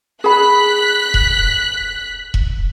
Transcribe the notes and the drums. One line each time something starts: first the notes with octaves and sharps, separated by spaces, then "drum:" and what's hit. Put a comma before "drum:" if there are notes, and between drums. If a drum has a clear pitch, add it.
G#4 B5 F#6 B6
drum: kick E1
drum: kick E1